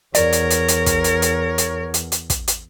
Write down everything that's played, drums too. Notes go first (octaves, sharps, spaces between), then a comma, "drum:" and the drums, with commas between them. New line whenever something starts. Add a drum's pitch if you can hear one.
E2 A#4 C#5 D5, drum: hi-hat
drum: hi-hat
drum: hi-hat
drum: hi-hat
drum: kick, hi-hat
drum: hi-hat
drum: hi-hat
drum: hi-hat
drum: hi-hat
drum: hi-hat
drum: kick, hi-hat
drum: hi-hat